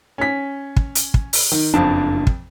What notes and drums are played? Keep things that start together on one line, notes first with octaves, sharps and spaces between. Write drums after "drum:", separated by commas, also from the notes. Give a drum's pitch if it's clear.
C#4 B6
drum: kick
drum: hi-hat
drum: kick
drum: open hi-hat
D#3
F#1 F2 F3 D4 A5
drum: kick